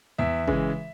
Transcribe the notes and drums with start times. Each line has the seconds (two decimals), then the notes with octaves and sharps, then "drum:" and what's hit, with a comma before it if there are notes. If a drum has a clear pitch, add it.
0.18 E2 E5
0.48 C#3 E3 G#3, drum: kick G1